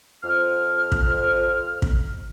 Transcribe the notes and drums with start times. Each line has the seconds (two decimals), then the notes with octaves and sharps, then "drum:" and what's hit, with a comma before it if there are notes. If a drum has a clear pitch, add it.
0.24 F2 F6
0.92 drum: kick
1.82 drum: kick